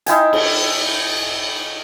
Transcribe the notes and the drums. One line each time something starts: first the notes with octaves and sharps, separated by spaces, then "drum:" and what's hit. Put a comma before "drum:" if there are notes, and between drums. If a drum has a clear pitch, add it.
D#4 E4 G5 G#5, drum: hi-hat
drum: cymbal